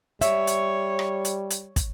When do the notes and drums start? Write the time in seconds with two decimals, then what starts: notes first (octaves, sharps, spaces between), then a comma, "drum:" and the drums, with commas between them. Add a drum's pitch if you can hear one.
0.21 G3 C#5 E5, drum: hi-hat
0.47 drum: hi-hat
0.99 drum: rim click
1.25 drum: hi-hat
1.50 drum: hi-hat
1.76 drum: kick, hi-hat